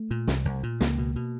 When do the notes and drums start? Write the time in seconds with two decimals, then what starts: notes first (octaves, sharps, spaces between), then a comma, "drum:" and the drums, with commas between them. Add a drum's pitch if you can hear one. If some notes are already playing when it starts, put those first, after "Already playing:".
Already playing: A3
0.11 A#2
0.27 C2, drum: snare
0.45 C2
0.63 A#2
0.81 C#2 A#3, drum: snare
0.98 B2
1.16 B2